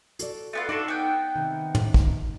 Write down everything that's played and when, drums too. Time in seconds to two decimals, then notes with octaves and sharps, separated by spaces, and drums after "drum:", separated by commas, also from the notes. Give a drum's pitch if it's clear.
0.19 F#4 A4 D5, drum: hi-hat
0.53 A3 B3 F4
0.69 D4 D#4 F#4 A4
0.88 B3 G5
1.35 C3 D#3
1.75 drum: tom
1.94 drum: kick